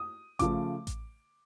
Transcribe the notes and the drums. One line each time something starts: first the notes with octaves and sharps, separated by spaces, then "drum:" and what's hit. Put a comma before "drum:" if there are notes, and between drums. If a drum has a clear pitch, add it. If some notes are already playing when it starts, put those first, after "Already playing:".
Already playing: D#6
C#3 F3 A3 D6, drum: kick A1, hi-hat
drum: kick A1, hi-hat